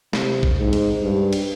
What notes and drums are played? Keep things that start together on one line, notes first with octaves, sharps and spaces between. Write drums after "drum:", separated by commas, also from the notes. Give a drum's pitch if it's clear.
C3, drum: snare
drum: kick A1
G#2
drum: cymbal
G2
drum: cymbal